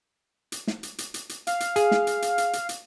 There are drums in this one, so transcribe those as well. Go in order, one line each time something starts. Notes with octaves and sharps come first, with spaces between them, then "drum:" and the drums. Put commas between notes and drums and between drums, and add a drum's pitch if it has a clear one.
drum: hi-hat
drum: snare
drum: hi-hat
drum: hi-hat
drum: hi-hat
drum: hi-hat
F5, drum: hi-hat
drum: hi-hat
G#4, drum: hi-hat
drum: snare
drum: hi-hat
drum: hi-hat
drum: hi-hat
drum: hi-hat
drum: hi-hat